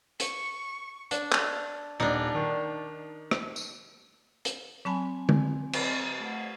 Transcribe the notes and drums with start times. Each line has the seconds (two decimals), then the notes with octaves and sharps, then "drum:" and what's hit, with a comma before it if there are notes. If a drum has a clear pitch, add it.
0.20 C#6, drum: hi-hat
1.11 D4, drum: hi-hat
1.32 drum: clap
2.00 D#1 D4 D#4
2.35 D#3
3.31 drum: rim click
3.56 drum: tambourine
4.45 drum: hi-hat
4.85 F#3 C4 G#5 A5 B5
5.29 drum: tom
5.73 drum: cymbal
6.19 A3 F#5